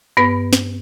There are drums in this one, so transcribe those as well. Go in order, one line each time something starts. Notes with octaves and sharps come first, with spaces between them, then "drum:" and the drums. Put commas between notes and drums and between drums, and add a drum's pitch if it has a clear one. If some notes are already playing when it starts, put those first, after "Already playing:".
G2 B3 B4 B5
drum: snare